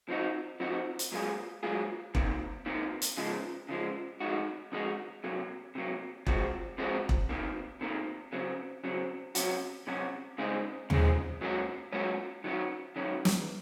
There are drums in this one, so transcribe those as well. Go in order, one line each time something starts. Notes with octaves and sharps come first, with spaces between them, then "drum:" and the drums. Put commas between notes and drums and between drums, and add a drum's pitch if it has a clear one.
F3 C4 D#4 F#4
F3 C4 D#4 F#4
drum: hi-hat
G#2 F#3 A#3 F4 G#4
G#2 F#3 A#3 F4 G#4
C3 D#3 A#3, drum: kick E1
C3 D#3 A#3
drum: hi-hat
C#3 F3 G#3
C#3 F3 G#3
F2 D#3 G#3 D#4 F#4
F2 D#3 G#3 D#4 F#4
C3 F#3 A#3
C3 F#3 A#3
C3 F3 G#3 C4 F#4, drum: kick E1
C3 F3 G#3 C4 F#4
drum: kick E1
C3 D#3 A#3
C3 D#3 A#3
C#3 F#3 C4
C#3 F#3 C4
C3 F#3 C#4 F#4, drum: hi-hat
C3 F#3 C#4 F#4
C#3 G#3 C4 D#4 G#4
C#3 G#3 C4 D#4 G#4, drum: tom D#2
G#2 F#3 A#3 C#4 F#4
G#2 F#3 A#3 C#4 F#4
D#3 F#3 C#4 F#4
D#3 F#3 C#4 F#4
drum: snare